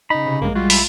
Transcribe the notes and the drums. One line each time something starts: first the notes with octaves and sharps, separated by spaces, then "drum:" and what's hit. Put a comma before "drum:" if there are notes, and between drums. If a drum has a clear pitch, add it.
C#3 D#4 B5
C3
A#1 G2 G#3 A#3
G3 F4 F#4
E4 B5, drum: open hi-hat